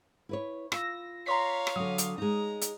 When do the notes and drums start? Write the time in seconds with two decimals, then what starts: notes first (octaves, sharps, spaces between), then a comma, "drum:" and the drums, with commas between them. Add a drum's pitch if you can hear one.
0.29 E4 B4 C#5
0.72 F4 E6 A#6, drum: rim click
1.26 C#5 F5 A#5 C6 B6
1.67 drum: rim click
1.76 D3 F#3 D#6
1.98 drum: hi-hat
2.18 G#3 D#4 A#5
2.62 drum: hi-hat